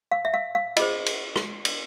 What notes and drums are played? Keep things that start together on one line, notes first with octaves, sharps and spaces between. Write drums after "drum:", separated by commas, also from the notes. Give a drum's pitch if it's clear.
F5
E5
F5
F5
F4 G#4 C5 D#5, drum: cymbal
drum: cymbal
drum: rim click
drum: cymbal